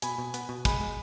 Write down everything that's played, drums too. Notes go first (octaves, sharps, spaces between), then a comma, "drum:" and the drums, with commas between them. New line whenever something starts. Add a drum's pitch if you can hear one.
B2 G#5 B5, drum: hi-hat
B2
B3, drum: hi-hat
B2
G#3 G#5 B5, drum: kick, hi-hat
G#3